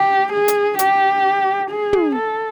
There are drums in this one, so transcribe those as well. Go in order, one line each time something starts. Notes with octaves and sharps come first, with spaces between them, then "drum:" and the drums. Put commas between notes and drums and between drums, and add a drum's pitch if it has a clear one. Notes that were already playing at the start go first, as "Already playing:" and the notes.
Already playing: G4
G#4
drum: hi-hat
G4, drum: hi-hat
G#4
drum: tom
A4